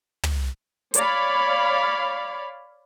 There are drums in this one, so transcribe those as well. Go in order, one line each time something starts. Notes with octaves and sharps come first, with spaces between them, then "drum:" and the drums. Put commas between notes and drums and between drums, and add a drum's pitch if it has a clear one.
drum: tom
C#5 D5 F5 B5, drum: hi-hat